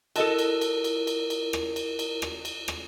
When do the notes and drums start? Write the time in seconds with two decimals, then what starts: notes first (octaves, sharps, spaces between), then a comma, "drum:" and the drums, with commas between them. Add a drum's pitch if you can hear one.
0.16 E4 F#4 A4 A#4 D#5 A5, drum: cymbal
0.39 drum: cymbal
0.61 drum: cymbal
0.84 drum: cymbal
1.07 drum: cymbal
1.30 drum: cymbal
1.53 drum: rim click
1.76 drum: cymbal
1.99 drum: cymbal
2.22 drum: rim click
2.45 drum: cymbal
2.68 drum: rim click